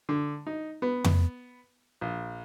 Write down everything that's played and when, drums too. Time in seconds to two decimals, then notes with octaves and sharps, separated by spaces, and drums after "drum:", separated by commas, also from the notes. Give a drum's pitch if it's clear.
0.09 D3
0.47 D#4
0.82 B3
1.04 drum: tom F2
2.01 A#1